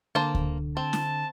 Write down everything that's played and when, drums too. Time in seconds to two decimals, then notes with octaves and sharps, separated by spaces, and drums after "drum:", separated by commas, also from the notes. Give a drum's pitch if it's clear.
0.15 D3 A#3 C5 A5
0.35 drum: kick D2
0.77 C4 A5
0.93 drum: snare